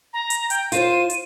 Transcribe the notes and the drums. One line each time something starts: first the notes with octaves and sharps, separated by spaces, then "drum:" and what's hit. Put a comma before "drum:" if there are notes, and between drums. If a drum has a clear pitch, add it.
A#5
drum: hi-hat
G5, drum: hi-hat
F4 C5 D#7, drum: hi-hat
drum: hi-hat